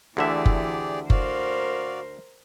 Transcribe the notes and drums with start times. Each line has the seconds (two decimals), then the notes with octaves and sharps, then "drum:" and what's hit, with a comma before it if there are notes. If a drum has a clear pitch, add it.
0.17 D2 D3 E3 G4 G#4 D5 E5
0.45 drum: kick F#1
1.10 F#4 A#4 C5 D5 F5, drum: kick F#1